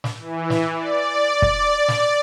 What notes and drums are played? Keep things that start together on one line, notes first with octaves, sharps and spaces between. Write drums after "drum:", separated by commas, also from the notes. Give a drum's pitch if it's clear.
drum: snare
E3
drum: snare
D5
drum: kick
drum: snare